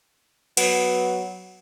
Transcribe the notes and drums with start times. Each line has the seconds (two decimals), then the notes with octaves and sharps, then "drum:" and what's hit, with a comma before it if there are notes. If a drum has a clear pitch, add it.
0.57 F#3 B3, drum: cymbal